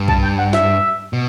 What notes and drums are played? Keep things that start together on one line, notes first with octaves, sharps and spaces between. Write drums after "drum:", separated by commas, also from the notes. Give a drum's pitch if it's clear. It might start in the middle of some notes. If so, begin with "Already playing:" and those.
Already playing: G2
A5, drum: kick B1
G5
F#5
E5, drum: snare
B2